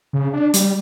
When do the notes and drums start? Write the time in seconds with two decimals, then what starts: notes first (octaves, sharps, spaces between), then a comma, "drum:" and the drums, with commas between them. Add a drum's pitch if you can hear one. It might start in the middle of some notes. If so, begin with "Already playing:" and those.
0.13 C#3
0.33 D4
0.54 G3, drum: hi-hat